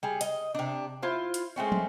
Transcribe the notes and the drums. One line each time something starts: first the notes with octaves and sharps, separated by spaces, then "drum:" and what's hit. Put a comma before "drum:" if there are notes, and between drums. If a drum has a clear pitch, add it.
G3 G#4
D#5, drum: hi-hat
C3 D4
E4 F4 C5
drum: hi-hat
G#3 A3 C4 C#4
drum: tom